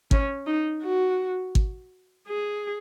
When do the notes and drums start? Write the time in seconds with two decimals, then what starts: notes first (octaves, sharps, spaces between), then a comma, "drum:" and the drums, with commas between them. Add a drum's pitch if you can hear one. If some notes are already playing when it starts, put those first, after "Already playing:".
0.11 C#4, drum: kick
0.47 D#4
0.83 F#4
1.55 drum: kick
2.28 G#4